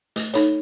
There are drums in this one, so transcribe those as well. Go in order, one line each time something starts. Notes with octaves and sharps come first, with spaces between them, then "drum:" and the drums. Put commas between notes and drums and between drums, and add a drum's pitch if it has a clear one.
A3, drum: hi-hat
D#4 A4 C#5, drum: hi-hat